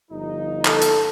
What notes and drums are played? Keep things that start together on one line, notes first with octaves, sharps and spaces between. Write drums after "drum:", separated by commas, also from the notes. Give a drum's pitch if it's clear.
G1 F3 D#4
A4, drum: clap
drum: hi-hat